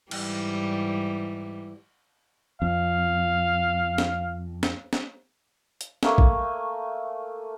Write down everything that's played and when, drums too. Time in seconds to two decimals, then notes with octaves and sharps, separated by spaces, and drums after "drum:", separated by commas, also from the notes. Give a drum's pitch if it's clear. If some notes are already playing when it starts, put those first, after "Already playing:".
0.11 G#2 E3 G3, drum: cymbal
2.62 F2 F5
3.98 drum: snare
4.63 drum: snare
4.93 drum: snare
5.81 drum: hi-hat
6.03 A3 A#3 G#5, drum: snare
6.18 drum: kick A1